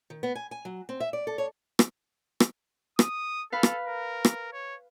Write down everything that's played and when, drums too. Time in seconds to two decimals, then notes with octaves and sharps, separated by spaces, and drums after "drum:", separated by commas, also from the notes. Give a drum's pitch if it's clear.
0.10 D#3
0.23 B3
0.35 G#5
0.51 G#5
0.65 F#3
0.89 C4
1.00 E5
1.13 D5
1.27 A4
1.38 C#5
1.79 drum: rim click
2.40 drum: rim click
2.99 D#6, drum: rim click
3.52 A4 B4 F5
3.63 drum: rim click
3.87 A#4
4.25 drum: rim click
4.53 C#5